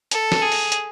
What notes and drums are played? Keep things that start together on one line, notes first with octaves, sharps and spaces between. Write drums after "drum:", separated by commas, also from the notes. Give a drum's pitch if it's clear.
A4, drum: hi-hat
drum: snare
G#4
drum: open hi-hat
drum: hi-hat